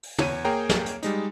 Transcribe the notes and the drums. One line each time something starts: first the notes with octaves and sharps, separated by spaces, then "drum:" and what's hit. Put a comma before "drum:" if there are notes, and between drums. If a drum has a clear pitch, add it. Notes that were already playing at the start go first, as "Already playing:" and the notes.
drum: open hi-hat
E2 C#5 D#7, drum: tom
A#3 G#4 C#5 G5 A#5
drum: snare
drum: hi-hat
G3 G#3 D#4, drum: hi-hat